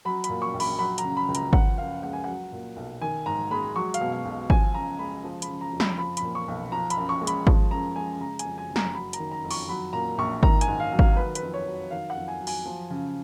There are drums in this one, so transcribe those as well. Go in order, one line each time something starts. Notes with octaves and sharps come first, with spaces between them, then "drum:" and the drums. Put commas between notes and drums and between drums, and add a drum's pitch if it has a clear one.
F#3 B5
B5, drum: hi-hat
A#2
C#6
A#1
B5, drum: open hi-hat
F#3 B5
A#5, drum: hi-hat
C#3
B5
C#2
A#5, drum: hi-hat
F3 F#5, drum: kick G#1
F#2 F5
G#3 F#5
G#5
F#3 F#5
A#2
B1
D#3 G#5
G#2 A#5
G#3 B5
F#3 C#6
F5, drum: hi-hat
B2
F5
B1
F3 G#5, drum: kick G#1
C#3 A#5
G#3 B5
F3
B5, drum: hi-hat
C#3
A#5
F2
B5, drum: snare
F3 B5
B5, drum: hi-hat
A#2
C#6
B1
F3 A#5
B5, drum: hi-hat
F#2
C#6
G#3
B5, drum: hi-hat
F3, drum: kick G#1
F#2 A#5
G#3 G#5
C#3 A#5
G#5, drum: hi-hat
F2
G#5
F#1
A#5, drum: snare
F#3 B5
A#5, drum: hi-hat
D#3
A#5
F2
C#6, drum: open hi-hat
F#3 B5
A#2 A#5
A#1 C#6
D#3 A#5, drum: kick G#1
G#5, drum: hi-hat
G#2
F5
F#3
F5, drum: kick G#1
D#3 B4
B4, drum: hi-hat
F2
C#5
F#3
D#3 F5
F#5
F2
G#5
F#3
G#5, drum: open hi-hat
F3
C#3